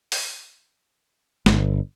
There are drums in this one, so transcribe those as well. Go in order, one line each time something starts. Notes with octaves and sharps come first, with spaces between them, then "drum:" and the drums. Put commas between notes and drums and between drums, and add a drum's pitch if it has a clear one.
drum: open hi-hat
G1, drum: snare